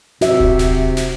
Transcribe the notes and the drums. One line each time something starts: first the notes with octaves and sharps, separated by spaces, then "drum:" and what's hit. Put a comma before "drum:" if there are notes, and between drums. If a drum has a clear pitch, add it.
C3 F#4 E5, drum: snare
drum: kick D#1
drum: snare
drum: snare